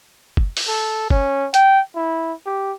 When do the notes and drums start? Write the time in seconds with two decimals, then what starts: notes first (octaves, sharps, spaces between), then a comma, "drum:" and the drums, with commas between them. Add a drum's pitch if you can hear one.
0.37 drum: kick F#1
0.57 drum: open hi-hat
0.68 A4
1.10 C#4, drum: kick F#1
1.54 G5, drum: hi-hat
1.95 E4
2.46 G4